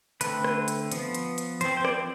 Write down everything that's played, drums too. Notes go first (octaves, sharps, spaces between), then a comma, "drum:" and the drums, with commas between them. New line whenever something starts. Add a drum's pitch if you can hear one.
D3 A3 C4 B4, drum: hi-hat
drum: rim click
drum: hi-hat
F3 B3, drum: hi-hat
drum: hi-hat
drum: hi-hat
F3 C4 C5, drum: hi-hat
C5
D5, drum: rim click